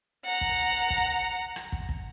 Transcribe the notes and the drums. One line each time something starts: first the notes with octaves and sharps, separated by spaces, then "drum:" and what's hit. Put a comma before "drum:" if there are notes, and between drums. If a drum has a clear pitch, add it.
F#5 A#5
drum: kick
drum: kick
drum: rim click
drum: kick
drum: kick